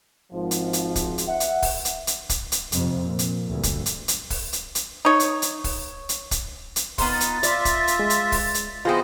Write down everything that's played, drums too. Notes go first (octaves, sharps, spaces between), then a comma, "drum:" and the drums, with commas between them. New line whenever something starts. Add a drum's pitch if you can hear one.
G#1 F3
drum: hi-hat
drum: hi-hat
drum: kick, hi-hat
drum: hi-hat
E5 F#5
drum: hi-hat
drum: kick, open hi-hat
drum: hi-hat
drum: hi-hat
drum: kick, hi-hat
drum: hi-hat
F2 C3, drum: hi-hat
A#2
drum: hi-hat
D2 G2
drum: kick, hi-hat
drum: hi-hat
drum: hi-hat
drum: kick, open hi-hat
drum: hi-hat
drum: hi-hat
D#4 C#5
drum: hi-hat
drum: hi-hat
drum: kick, open hi-hat
drum: hi-hat
drum: kick, hi-hat
drum: hi-hat
B3 D#4 F4 C6, drum: kick, open hi-hat
A6
drum: hi-hat
F4 D5 E5, drum: hi-hat
drum: kick, hi-hat
drum: hi-hat
G#3
drum: hi-hat
drum: kick, open hi-hat
drum: hi-hat
E3 B3 F4 G#4 C5 D#5 G5